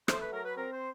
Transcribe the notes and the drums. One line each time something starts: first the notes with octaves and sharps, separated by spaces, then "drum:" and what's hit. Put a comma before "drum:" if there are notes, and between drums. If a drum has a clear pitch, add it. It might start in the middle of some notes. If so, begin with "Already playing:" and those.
A3 C5, drum: rim click
B4
F#3 A#4
B4
C4 A#4
C5